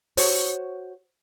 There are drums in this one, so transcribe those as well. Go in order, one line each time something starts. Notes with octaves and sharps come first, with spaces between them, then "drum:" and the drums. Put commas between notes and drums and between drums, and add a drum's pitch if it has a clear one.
F#4 C5 C#5, drum: open hi-hat